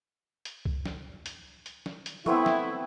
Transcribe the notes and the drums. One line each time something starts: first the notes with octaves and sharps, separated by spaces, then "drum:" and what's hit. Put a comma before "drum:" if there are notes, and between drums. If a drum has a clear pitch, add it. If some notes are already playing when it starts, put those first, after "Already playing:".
drum: hi-hat
drum: kick C2
drum: snare
drum: hi-hat
drum: hi-hat
drum: snare
drum: hi-hat
A3 B3 C4 E4, drum: tom
drum: snare